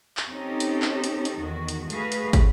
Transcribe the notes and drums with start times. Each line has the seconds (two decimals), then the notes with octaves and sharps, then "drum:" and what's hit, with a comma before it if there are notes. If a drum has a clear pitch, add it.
0.17 drum: clap
0.30 C4 C#4 D#4 G4 A4
0.60 drum: hi-hat
0.82 drum: clap
1.04 drum: hi-hat
1.25 drum: hi-hat
1.40 E2 D#3 F#4
1.68 drum: hi-hat
1.90 A3 F#4 G#4 B4 F5, drum: hi-hat
2.12 drum: hi-hat
2.33 drum: kick, hi-hat